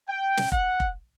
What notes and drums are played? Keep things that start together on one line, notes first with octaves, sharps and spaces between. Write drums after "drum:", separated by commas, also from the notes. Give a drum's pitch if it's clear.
G5
drum: snare
F#5, drum: kick F1
drum: kick F1